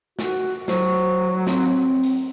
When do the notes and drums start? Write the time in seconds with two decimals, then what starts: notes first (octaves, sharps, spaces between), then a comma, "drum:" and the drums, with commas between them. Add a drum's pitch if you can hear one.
0.19 F#4, drum: snare
0.68 F#3 C5 C#6, drum: snare
1.47 C4, drum: snare
2.03 drum: hi-hat